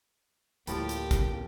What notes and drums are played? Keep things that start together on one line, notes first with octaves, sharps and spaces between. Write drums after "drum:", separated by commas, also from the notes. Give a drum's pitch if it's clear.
D2 A2 F3 G3 A#3 G4, drum: hi-hat
drum: hi-hat
drum: kick, hi-hat